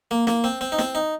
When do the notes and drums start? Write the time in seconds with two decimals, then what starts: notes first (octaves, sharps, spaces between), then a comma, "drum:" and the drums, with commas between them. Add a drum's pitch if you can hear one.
0.11 A#3
0.27 A#3, drum: snare
0.44 C4
0.61 C4
0.72 D#4
0.79 C4, drum: snare
0.95 D#4